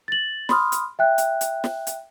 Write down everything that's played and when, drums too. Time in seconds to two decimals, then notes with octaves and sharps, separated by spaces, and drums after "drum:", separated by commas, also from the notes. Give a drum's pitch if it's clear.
0.08 A6 F#7
0.49 B5 C6 D#6 F6, drum: snare
0.72 drum: hi-hat
0.99 E5 G5 F#6
1.18 drum: hi-hat
1.41 drum: hi-hat
1.64 drum: snare
1.87 drum: hi-hat